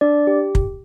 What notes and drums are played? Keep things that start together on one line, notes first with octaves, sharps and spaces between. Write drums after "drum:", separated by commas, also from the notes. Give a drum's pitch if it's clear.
D4 D5
G4
drum: kick